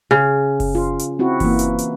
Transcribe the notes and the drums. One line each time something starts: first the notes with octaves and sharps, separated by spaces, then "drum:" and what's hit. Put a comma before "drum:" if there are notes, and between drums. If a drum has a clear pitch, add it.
C#3
drum: kick F#1, open hi-hat
F4
drum: hi-hat
C4 E4 F#4
E3 A#3, drum: kick F#1, open hi-hat
drum: hi-hat
drum: hi-hat